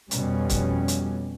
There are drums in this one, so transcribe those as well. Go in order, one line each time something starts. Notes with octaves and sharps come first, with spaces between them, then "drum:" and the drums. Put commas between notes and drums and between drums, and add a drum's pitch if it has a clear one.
F2 B2 G3 C#4, drum: hi-hat
drum: kick C#1, hi-hat
drum: hi-hat